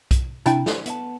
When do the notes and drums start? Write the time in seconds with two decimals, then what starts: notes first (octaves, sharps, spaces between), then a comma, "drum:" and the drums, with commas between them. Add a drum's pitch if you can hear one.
0.11 drum: kick B1, hi-hat
0.46 C3 D4 E4 G5, drum: hi-hat
0.66 G4 C5, drum: snare
0.86 B3 E5 A5, drum: hi-hat